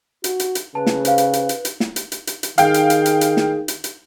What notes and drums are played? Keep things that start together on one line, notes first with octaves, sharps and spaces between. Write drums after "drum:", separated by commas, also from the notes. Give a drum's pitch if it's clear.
F#4, drum: hi-hat
drum: hi-hat
drum: hi-hat
C#3 B4 A5
drum: snare
C5 F5, drum: hi-hat
drum: hi-hat
drum: hi-hat
drum: hi-hat
drum: hi-hat
drum: snare
drum: hi-hat
drum: hi-hat
drum: hi-hat
drum: hi-hat
D#3 G#4 F5 G5, drum: hi-hat
drum: hi-hat
drum: hi-hat
drum: hi-hat
drum: hi-hat
drum: snare
drum: hi-hat
drum: hi-hat